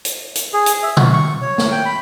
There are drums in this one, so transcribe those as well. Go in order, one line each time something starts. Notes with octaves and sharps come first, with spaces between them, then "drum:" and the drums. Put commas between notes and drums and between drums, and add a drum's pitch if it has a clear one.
drum: hi-hat
drum: hi-hat
G#4
drum: hi-hat
E5
F#4, drum: tom B2
C#6
C#5
drum: snare
G5
B5